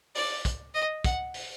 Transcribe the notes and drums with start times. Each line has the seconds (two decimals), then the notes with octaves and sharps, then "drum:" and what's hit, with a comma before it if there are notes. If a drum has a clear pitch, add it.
0.15 D5, drum: open hi-hat
0.45 drum: kick, hi-hat
0.74 D#5
1.04 F#5, drum: kick, hi-hat
1.34 drum: open hi-hat